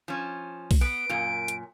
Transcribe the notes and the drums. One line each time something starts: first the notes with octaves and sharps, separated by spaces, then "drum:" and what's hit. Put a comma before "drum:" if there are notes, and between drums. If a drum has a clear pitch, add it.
F3 C#4
drum: kick B1, open hi-hat
B3 D7
F#2 A#2
drum: hi-hat